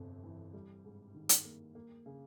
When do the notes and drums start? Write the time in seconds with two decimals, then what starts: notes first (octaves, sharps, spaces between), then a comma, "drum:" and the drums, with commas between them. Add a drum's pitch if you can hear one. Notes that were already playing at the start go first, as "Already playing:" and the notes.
Already playing: G1 F2 C3
0.23 E3
0.53 G3
0.85 G#2
1.14 D#3
1.29 drum: hi-hat
1.45 A#3
1.75 A#3
2.06 C#3